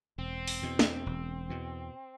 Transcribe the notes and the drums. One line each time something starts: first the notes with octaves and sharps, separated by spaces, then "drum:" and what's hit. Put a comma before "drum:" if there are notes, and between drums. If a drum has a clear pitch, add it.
E1 C4
drum: open hi-hat
E2 B2
drum: snare
E1
E2 B2